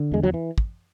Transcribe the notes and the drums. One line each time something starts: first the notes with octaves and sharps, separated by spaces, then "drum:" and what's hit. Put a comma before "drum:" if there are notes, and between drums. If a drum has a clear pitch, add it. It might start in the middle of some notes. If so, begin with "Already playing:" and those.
Already playing: D3
E2 G#3
F#3
E3
drum: kick